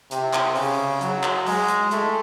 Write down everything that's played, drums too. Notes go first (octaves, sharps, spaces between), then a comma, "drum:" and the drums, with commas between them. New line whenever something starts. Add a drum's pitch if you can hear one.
C3, drum: hi-hat
drum: clap
C#3, drum: open hi-hat
F#3, drum: hi-hat
drum: clap
G#3, drum: open hi-hat
drum: hi-hat
A3, drum: hi-hat